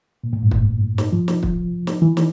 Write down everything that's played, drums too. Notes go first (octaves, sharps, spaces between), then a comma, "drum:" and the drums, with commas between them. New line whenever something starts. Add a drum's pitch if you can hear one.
A#2
A2
G2
A2, drum: kick
drum: snare
F3
drum: snare
drum: kick
drum: snare
E3
drum: snare